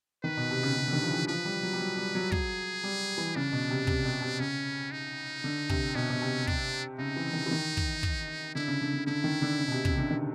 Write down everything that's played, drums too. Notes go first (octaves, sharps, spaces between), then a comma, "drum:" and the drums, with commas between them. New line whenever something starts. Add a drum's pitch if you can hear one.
D#3 B4
B2
C3
C#3
C#3
D3
D#3
F3
E3
F3 B4
G3
F#3
G3
F#3
G3
F#3
F#3 G#4, drum: kick
G3
E3
C#3 D4
B2
C3
C3, drum: kick
B2
C3
C#3 C#4
D#4
D3
C3, drum: kick
B2 C#4
B2
C3
D4, drum: kick
C#3 D#4
E3
D#3
E3
D#3
drum: kick
drum: kick
D3 E4
C#3
D3
D3
D3 E4
D#3
D3
C#3
B2
C3
C#3, drum: kick
D3
D#3